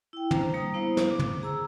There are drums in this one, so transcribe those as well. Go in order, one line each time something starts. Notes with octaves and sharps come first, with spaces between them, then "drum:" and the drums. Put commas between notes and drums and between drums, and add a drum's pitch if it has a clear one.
E4 G5
D4 C5 A#5, drum: tom
G3 A#3 A#5 D#6
B3 E4 C5 F5
drum: snare
D6
drum: tom
G#4 A#5 E6